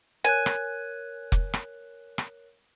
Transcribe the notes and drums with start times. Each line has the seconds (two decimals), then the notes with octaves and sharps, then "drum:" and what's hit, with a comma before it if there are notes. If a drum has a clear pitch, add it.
0.24 A#4 C#5 G#5 F#6
0.46 drum: rim click
1.32 drum: kick F1
1.54 drum: rim click
2.18 drum: rim click